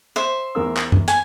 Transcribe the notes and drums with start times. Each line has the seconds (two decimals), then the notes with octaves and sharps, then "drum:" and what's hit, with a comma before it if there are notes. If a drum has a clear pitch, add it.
0.16 C5 E5
0.55 E2 A#4 E6
0.77 drum: clap
0.92 drum: tom F#2
1.08 G#5, drum: hi-hat